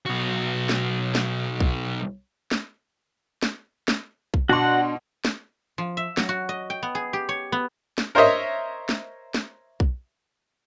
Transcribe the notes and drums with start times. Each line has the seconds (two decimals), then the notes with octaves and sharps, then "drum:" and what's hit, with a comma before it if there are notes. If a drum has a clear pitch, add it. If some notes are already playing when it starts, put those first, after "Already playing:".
0.06 B1 F#4
0.69 drum: snare
1.15 drum: snare
1.60 drum: kick B1
2.52 drum: snare
3.43 drum: snare
3.88 drum: snare
4.34 drum: kick B1
4.49 B2 D4 F#4 F#5 C6
5.25 drum: snare
5.78 F3
5.97 E5
6.17 F#3, drum: snare
6.29 F#4
6.49 D#5
6.70 G5
6.83 B3
6.95 G#4
7.13 G4
7.29 C#5
7.52 B3
7.98 drum: snare
8.15 A#4 C5 C#5 D#5 E5
8.89 drum: snare
9.34 drum: snare
9.80 drum: kick B1